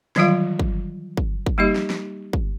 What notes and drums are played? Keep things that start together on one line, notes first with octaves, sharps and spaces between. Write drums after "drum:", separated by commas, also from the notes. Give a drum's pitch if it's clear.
D#3 E3 F#3 G3 F4 F5, drum: snare
drum: kick
drum: kick
drum: kick
G3 A#3 D#4 G4 D#5
drum: snare
drum: snare
drum: kick